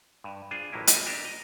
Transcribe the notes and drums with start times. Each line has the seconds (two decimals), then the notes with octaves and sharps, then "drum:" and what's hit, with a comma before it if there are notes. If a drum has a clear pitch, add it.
0.24 G2
0.51 D4 F4 G#4 C5
0.73 A1 A2 F#3 A#3 E4
0.87 G#4 A4 D#5 E5 G5, drum: hi-hat
1.06 D4 G4 A#4 E5
1.24 D#5 A#5